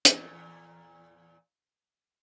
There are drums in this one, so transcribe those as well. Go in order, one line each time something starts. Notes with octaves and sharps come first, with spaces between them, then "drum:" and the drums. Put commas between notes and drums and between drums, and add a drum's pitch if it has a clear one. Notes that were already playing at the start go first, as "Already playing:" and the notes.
E2 A#2, drum: hi-hat